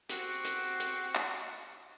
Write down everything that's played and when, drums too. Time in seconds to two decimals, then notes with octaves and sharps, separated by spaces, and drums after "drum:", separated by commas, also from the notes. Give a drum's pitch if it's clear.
0.10 C4 F#4 G4, drum: hi-hat
0.45 drum: hi-hat
0.80 drum: hi-hat
1.15 drum: clap